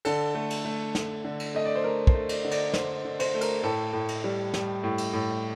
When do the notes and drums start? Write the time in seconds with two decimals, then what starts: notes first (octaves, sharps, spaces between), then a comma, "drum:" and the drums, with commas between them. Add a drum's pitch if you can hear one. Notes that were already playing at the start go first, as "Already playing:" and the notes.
0.05 D3 A4, drum: cymbal
0.35 A3
0.50 drum: cymbal
0.65 A3
0.95 A3, drum: snare
1.24 D3
1.40 drum: cymbal
1.55 A3 D#5
1.65 D5
1.75 C5
1.84 A3 A#4
2.07 C5, drum: kick
2.15 A3
2.29 D5, drum: cymbal
2.44 D3
2.51 D5, drum: cymbal
2.74 D3 C5, drum: snare
3.05 D3
3.19 C5, drum: cymbal
3.34 A3
3.41 A#4, drum: cymbal
3.63 A2 A4
3.93 A2
4.08 drum: cymbal
4.24 G3
4.54 G3, drum: snare
4.84 A2
4.98 drum: cymbal
5.13 A2